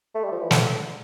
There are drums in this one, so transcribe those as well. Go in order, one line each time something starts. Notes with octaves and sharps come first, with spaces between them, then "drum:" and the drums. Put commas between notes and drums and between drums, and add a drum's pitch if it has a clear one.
A3
G3
F3
E3
D3, drum: snare